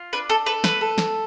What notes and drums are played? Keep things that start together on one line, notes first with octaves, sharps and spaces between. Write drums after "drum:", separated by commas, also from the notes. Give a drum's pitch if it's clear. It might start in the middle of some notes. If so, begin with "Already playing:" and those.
Already playing: F4
D4 B4
A4
A4 B4
B4, drum: snare
A4
drum: snare